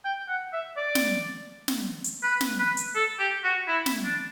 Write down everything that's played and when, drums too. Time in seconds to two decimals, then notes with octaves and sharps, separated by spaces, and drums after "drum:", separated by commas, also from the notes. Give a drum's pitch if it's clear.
0.05 G5
0.28 F#5
0.53 E5
0.77 D5
0.95 drum: snare
1.68 drum: snare
2.04 drum: hi-hat
2.23 B4
2.41 drum: snare
2.59 B4
2.77 drum: hi-hat
2.95 A4
3.19 G4
3.44 F#4
3.67 E4
3.86 drum: snare
4.04 D4